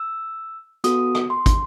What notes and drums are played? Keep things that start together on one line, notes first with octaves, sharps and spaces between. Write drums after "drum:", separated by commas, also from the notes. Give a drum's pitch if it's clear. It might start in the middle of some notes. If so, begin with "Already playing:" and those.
Already playing: E6
B3 F#4 A4 D#6, drum: hi-hat
drum: rim click
C6
drum: kick, hi-hat